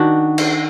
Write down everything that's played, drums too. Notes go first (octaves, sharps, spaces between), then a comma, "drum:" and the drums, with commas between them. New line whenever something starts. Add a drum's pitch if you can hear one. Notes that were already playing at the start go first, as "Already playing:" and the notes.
Already playing: D#3 D4 F#4
drum: cymbal